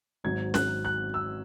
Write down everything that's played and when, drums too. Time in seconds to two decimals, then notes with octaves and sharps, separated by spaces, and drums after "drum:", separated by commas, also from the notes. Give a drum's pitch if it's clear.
0.24 G#1 G#2 F#3 G#6
0.54 F#6, drum: snare
0.85 F#6
1.14 E6